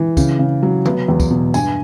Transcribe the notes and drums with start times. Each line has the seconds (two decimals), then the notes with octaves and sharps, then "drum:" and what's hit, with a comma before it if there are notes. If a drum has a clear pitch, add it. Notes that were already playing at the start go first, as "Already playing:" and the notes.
Already playing: E3
0.17 C#3, drum: kick, tambourine
0.39 C#3
0.63 F#3
0.85 B3, drum: tom C3
1.08 E2
1.20 drum: kick, tambourine
1.31 B2
1.54 G2 G#5, drum: tambourine